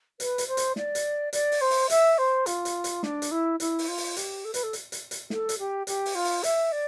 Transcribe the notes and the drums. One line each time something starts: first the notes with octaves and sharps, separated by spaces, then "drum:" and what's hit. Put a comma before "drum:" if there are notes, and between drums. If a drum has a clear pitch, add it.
B4, drum: hi-hat
drum: hi-hat
C5
drum: hi-hat
D5, drum: snare
drum: hi-hat
D5, drum: hi-hat
drum: open hi-hat
C5
drum: open hi-hat
E5, drum: hi-hat
C5
F4, drum: hi-hat
drum: hi-hat
drum: hi-hat
D4, drum: snare
drum: hi-hat
E4
E4, drum: hi-hat
drum: open hi-hat
F4
drum: open hi-hat
G4, drum: hi-hat
A4
B4, drum: hi-hat
A4
drum: hi-hat
drum: hi-hat
drum: hi-hat
A4, drum: snare
drum: hi-hat
G4
G4, drum: hi-hat
drum: open hi-hat
F4
drum: open hi-hat
E5, drum: hi-hat
D5